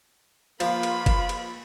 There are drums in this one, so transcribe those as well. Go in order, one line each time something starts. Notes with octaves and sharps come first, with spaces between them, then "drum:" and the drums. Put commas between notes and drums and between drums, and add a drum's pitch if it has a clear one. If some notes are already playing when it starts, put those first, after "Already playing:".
F3 A#3 F4 B5, drum: cymbal
drum: cymbal
drum: kick, cymbal
drum: cymbal